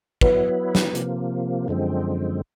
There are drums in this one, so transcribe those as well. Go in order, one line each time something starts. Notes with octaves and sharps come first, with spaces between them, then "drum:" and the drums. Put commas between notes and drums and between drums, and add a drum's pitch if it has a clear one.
F#3 B3 E4 B4, drum: kick
drum: snare
C3 F3 A#3, drum: hi-hat
F#2 D3 F3 G#3 C4